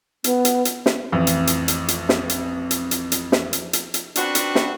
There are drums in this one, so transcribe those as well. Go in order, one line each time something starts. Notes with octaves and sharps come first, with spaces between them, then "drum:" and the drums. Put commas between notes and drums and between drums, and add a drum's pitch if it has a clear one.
B3, drum: hi-hat
drum: hi-hat
drum: hi-hat
drum: snare
A1 F2
drum: hi-hat
drum: hi-hat
drum: hi-hat
drum: hi-hat
drum: snare
drum: hi-hat
drum: hi-hat
drum: hi-hat
drum: hi-hat
drum: snare
drum: hi-hat
drum: hi-hat
drum: hi-hat
C4 D4 F#4 B4 F#5, drum: hi-hat
drum: hi-hat
drum: snare